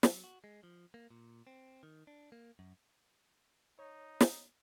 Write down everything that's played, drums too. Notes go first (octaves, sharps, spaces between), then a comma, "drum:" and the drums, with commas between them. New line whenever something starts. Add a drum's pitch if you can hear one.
F#3, drum: snare
F#4
G#3
F3
A#3
A#2
C4
D#3
D4
A#3
F#2
D#4 C#5
drum: snare